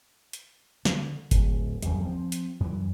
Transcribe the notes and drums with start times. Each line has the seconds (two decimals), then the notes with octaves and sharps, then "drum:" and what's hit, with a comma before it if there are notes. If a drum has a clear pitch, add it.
0.33 drum: hi-hat
0.85 D3, drum: snare
1.31 D1, drum: kick G1, hi-hat
1.82 D1 A#1 F#2 G3, drum: hi-hat
2.01 F3 C4
2.32 drum: hi-hat
2.60 F#2 E3